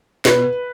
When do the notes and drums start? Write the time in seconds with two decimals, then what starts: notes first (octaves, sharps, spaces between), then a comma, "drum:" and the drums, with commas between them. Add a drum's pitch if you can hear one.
0.25 B2 B4, drum: snare